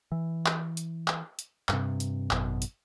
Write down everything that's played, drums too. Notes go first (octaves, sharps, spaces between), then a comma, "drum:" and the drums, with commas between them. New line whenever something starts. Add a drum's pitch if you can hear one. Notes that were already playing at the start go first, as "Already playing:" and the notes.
E3
drum: clap
drum: hi-hat
drum: clap
drum: hi-hat
G2 C3, drum: clap
drum: hi-hat
G#1 F#2 B2, drum: clap
drum: hi-hat